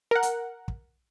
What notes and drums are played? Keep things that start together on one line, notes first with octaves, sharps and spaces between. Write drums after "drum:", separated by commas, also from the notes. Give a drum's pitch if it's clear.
A#4 F#5
drum: hi-hat
drum: kick